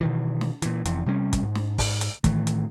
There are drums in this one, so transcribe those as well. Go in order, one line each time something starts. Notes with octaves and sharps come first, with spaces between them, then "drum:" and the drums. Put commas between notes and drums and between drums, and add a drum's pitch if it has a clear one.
B2 D#3 E3
drum: snare
A#2 E3, drum: hi-hat
F1 F2 E3, drum: hi-hat
C3 G3 A#3 C#4
drum: kick, hi-hat
G#2
drum: snare
drum: kick, open hi-hat
drum: hi-hat
A2 D#3 E3 A3, drum: kick, hi-hat
drum: hi-hat